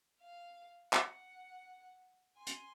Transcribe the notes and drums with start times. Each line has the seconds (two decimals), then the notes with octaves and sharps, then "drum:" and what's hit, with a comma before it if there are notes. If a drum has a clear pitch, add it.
0.21 F5
0.93 F#5, drum: clap
2.36 G#5 C6
2.47 drum: hi-hat